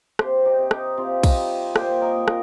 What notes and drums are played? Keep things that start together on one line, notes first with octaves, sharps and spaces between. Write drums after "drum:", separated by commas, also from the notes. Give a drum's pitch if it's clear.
C3 G4 C5, drum: rim click
D#4 G4
C3
D#4 G4, drum: rim click
C3 C4 F4
D#4 G4, drum: kick, cymbal
G3
A#2 G4 C5, drum: rim click
A#4 D#5
A#2
A#4 D#5, drum: rim click